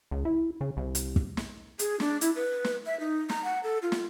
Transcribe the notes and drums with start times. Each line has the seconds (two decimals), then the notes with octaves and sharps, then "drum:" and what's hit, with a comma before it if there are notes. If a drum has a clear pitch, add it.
0.11 C#2
0.25 E4
0.61 C#3
0.77 C2
0.95 drum: hi-hat
1.16 drum: kick
1.37 drum: snare
1.79 G#4, drum: hi-hat
2.00 D4, drum: snare
2.21 E4, drum: hi-hat
2.36 B4
2.64 drum: snare
2.86 E5
3.00 D#4
3.29 A#5, drum: snare
3.44 F#5
3.63 A4
3.82 F4
3.92 drum: snare